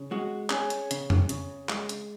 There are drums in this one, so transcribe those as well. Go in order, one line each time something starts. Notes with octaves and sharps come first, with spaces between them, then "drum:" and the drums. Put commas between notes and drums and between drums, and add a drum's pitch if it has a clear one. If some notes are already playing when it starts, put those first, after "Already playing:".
Already playing: C#3
G#3 F#4
C#4 G#4, drum: clap
drum: hi-hat
C#3, drum: hi-hat
drum: tom F2
C#3, drum: hi-hat
G#3, drum: clap
drum: hi-hat